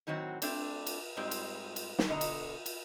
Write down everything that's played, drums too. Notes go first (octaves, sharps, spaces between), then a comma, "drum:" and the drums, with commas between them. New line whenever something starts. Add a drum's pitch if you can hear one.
A2 D#3 F#3 C4 F#4
A3 C4 D4 D5, drum: cymbal
drum: cymbal
G#2 G3 G#3 C4
drum: cymbal
drum: cymbal
drum: snare
B2 D3 D#5 A#5
drum: cymbal
drum: cymbal